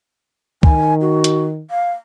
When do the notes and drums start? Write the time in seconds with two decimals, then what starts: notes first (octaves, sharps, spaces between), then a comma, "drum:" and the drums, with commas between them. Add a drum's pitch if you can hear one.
0.63 D#3 G#5, drum: kick
1.01 F#4
1.24 drum: hi-hat
1.71 F5